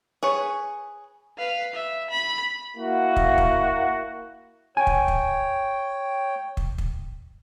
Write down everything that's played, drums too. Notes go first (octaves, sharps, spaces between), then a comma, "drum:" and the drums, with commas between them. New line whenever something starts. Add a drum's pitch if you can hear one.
G#4 B4 C#5
B4 F5
E5
B5
A#3 E4 F#4
drum: kick
drum: kick
C#5 G5 G#5
drum: kick
drum: kick
drum: kick
drum: kick